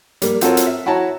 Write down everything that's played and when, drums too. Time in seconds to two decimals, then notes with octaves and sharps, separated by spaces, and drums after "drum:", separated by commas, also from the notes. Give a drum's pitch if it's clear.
0.22 G3 A#3, drum: hi-hat
0.41 C4 F4 F#4 A4 A#4 C#5, drum: hi-hat
0.57 drum: hi-hat
0.67 E5
0.86 E4 F#4 C#5 A5 A#5